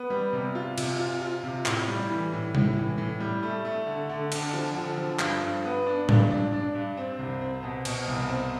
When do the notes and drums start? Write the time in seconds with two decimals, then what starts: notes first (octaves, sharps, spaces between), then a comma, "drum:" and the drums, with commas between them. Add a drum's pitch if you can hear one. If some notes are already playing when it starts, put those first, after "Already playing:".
Already playing: B3
0.10 G3
0.33 C3
0.55 F4
0.78 C3, drum: cymbal
0.99 F4
1.22 F4
1.43 C3
1.66 A2, drum: clap
1.88 G3
2.09 E3
2.32 A2
2.55 A2, drum: tom
2.76 E3
2.98 A2
3.20 G3
3.43 A3
3.65 A3
3.86 D3
4.09 D3
4.32 D3, drum: cymbal
4.53 F3
4.75 D3
4.97 F3
5.19 G2, drum: clap
5.42 G2
5.64 B3
5.86 D4
6.09 G2, drum: tom A2
6.30 D4
6.53 D4
6.75 G2
6.97 C4
7.19 C2
7.41 C4
7.63 B2
7.85 B2, drum: cymbal
8.08 C2
8.29 C4